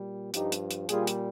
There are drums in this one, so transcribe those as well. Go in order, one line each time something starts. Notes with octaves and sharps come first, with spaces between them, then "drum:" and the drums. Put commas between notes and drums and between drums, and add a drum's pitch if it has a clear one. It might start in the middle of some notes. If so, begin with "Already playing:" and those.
Already playing: A#2 G3
G2 F3 D#4 G4, drum: hi-hat
drum: hi-hat
drum: hi-hat
A#2 G3 F4 G#4, drum: hi-hat
drum: hi-hat